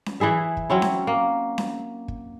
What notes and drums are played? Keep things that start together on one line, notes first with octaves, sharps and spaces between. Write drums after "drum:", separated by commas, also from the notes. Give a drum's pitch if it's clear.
drum: snare C#4
E3 E4 G#4 E5
drum: kick
F#3 C4 C#4 E4
drum: snare C#4
A#3
drum: snare C#4
drum: kick